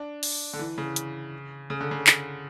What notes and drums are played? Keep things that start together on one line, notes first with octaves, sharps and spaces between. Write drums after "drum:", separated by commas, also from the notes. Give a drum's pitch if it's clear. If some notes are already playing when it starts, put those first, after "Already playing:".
Already playing: D4
drum: open hi-hat
D3
E3
C#3
drum: hi-hat
C#3
D3
C#3
drum: clap